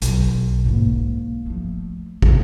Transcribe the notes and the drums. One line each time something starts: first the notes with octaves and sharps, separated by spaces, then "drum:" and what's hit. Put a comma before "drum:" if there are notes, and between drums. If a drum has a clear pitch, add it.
B1, drum: hi-hat
G#2 A#3
F3 A3
drum: kick